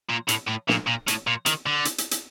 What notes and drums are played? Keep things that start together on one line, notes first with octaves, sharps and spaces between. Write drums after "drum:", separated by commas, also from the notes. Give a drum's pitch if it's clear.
A#2
A2, drum: hi-hat
A2
A#2, drum: snare
A#2
A2, drum: hi-hat
A#2
D#3, drum: hi-hat
D3
drum: hi-hat
drum: hi-hat
drum: hi-hat